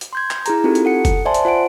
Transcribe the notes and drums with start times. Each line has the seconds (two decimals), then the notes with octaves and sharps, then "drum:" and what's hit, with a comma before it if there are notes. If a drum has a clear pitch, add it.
0.01 drum: hi-hat
0.13 C6 G6 G#6
0.31 drum: clap
0.46 E4 G#4 A#5, drum: hi-hat
0.64 C4 D#4 F4 G4 A4
0.75 drum: hi-hat
0.85 A4 F#5 C#7
1.05 drum: kick, hi-hat
1.25 C5 D5 E5 G#5 A5 C6
1.34 drum: hi-hat
1.45 F4 C5 F#5 D7